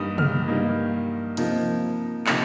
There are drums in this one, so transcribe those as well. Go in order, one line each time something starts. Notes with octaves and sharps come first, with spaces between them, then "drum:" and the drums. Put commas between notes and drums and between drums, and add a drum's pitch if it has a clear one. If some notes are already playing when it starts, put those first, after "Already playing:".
Already playing: G2 G3 A#3 D#4 D#6
F6, drum: tom C3
G2 G3 A#3 D#4
C3 F3 A#3 D#4, drum: hi-hat
C3 F3 A#3 D#4 C#7, drum: clap